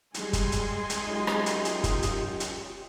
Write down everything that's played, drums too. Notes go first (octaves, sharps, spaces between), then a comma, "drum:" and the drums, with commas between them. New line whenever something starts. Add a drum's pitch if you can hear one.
G3 G#3 G#5 C6, drum: hi-hat
drum: kick, hi-hat
drum: hi-hat
drum: hi-hat
F#2 D#4 F4 G4 D#5
drum: rim click
drum: hi-hat
drum: hi-hat
drum: kick, hi-hat
drum: hi-hat
drum: hi-hat